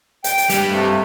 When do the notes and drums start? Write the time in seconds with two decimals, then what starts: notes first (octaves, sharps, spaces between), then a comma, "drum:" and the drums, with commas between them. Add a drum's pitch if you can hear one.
0.24 G5, drum: hi-hat
0.38 drum: hi-hat
0.50 G2 G3, drum: hi-hat
0.69 C3 A3